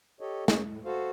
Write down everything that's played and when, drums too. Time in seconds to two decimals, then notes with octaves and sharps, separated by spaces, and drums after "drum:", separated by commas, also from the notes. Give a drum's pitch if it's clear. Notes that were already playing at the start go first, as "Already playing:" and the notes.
0.21 G4 A4 C#5 D#5
0.48 A#3 C#4 G#4, drum: snare
0.68 A2
0.85 F#4 A4 C5 F5